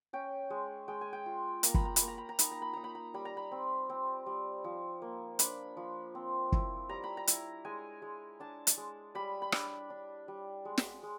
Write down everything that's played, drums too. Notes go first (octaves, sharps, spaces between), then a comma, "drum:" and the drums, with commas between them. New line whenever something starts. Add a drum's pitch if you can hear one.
C#4 G5
G#3
G#3 G5
G#5
G5
F4
A#3 A#5, drum: hi-hat
B5, drum: kick
A#5
B5, drum: hi-hat
A#3
A#5
B5
A#5
D#4 B5, drum: hi-hat
A#5
B5
D#4 A#5
B5
A#5
G3 B5
A#5
B5
C4
C4
G3
F3
A#3
D4 B5, drum: hi-hat
F3
C4
E4, drum: kick
G3 A#5
B5
A#5
E4, drum: hi-hat
G#3 G#5
G#3
D4 A5
drum: hi-hat
G#3
G3 B5
B5
D4, drum: rim click
D4
G3
G#3
drum: snare
G#3